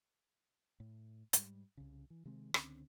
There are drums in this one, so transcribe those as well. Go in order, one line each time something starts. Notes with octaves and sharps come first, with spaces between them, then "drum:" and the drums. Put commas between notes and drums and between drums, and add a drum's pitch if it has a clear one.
A2
G#2 G3, drum: hi-hat
C2 C#3
E3
C3 D#3 G#3 C4
C#2 D3 C4 C#4, drum: rim click